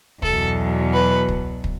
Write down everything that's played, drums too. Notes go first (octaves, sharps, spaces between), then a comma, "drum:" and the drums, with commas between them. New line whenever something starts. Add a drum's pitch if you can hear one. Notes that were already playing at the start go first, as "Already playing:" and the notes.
E2 B2 F#3 A4, drum: kick
B4
drum: kick
drum: kick